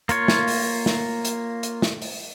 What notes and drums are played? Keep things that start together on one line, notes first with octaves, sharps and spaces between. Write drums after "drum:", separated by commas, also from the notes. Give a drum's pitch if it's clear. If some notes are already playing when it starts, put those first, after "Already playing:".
A#3 F4 C#5, drum: hi-hat
drum: snare
drum: open hi-hat
drum: snare
drum: hi-hat
drum: hi-hat
drum: snare
drum: open hi-hat